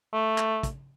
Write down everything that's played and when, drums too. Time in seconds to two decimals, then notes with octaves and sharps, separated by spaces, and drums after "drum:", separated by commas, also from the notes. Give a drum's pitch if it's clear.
0.13 A3
0.38 drum: clap
0.63 drum: kick, hi-hat